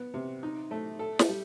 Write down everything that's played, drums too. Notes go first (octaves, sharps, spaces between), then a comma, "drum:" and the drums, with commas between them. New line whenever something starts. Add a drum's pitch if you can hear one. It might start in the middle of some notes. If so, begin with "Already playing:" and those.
Already playing: B3
C3
D#4
A3
A4
drum: snare
G3